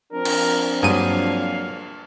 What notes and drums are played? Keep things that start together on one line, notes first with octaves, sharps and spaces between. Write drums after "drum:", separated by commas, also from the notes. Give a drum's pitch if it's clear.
F3 C4 D4 A#4
drum: cymbal
G2 F#3 A#3 G#4 F5 D#7